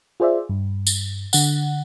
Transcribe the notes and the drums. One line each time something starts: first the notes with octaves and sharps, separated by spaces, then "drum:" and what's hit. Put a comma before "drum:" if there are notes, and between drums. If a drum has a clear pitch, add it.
F4 G#4 C5 D5 E5
G2
drum: tambourine
D3 F#5, drum: tambourine